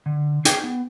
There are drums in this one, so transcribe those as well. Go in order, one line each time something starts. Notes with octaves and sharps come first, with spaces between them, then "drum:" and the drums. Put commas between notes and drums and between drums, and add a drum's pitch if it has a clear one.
D3
D#4 G#4 G5, drum: hi-hat
B3